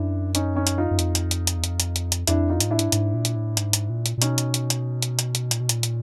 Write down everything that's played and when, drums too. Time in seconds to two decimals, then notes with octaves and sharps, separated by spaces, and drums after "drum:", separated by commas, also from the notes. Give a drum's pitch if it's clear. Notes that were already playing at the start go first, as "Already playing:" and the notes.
Already playing: F#2 D4 E4
0.35 C#4 D#4, drum: hi-hat
0.55 C#4 D#4
0.67 drum: hi-hat
0.78 D#4 F4
0.91 F#2
0.99 F2, drum: hi-hat
1.15 drum: hi-hat
1.31 drum: hi-hat
1.47 drum: hi-hat
1.58 E2
1.64 F2, drum: hi-hat
1.80 drum: hi-hat
1.96 drum: hi-hat
2.12 drum: hi-hat
2.27 F2 D4 E4, drum: hi-hat
2.49 D#4 F4
2.60 G#2, drum: hi-hat
2.70 A2 D4 E4
2.79 G#2, drum: hi-hat
2.92 G#2, drum: hi-hat
3.14 A#2
3.25 drum: hi-hat
3.35 A2
3.57 G#2, drum: hi-hat
3.73 drum: hi-hat
3.90 A#2
4.06 drum: hi-hat
4.18 A#2
4.22 B2 C#4 D#4, drum: hi-hat
4.38 drum: hi-hat
4.54 drum: hi-hat
4.70 drum: hi-hat
5.02 drum: hi-hat
5.19 drum: hi-hat
5.35 drum: hi-hat
5.51 A#2, drum: hi-hat
5.60 B2
5.69 A#2, drum: hi-hat
5.83 drum: hi-hat